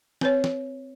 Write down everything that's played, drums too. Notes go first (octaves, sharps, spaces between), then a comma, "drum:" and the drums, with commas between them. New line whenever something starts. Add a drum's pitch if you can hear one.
C4 B4 C#5, drum: snare
drum: snare